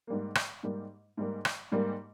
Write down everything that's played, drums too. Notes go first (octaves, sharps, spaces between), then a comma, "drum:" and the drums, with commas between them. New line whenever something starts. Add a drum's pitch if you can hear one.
G#2 G3 A#3
drum: rim click
G#2 G3 A#3
G#2 G3 A#3
drum: rim click
G#2 G3 A#3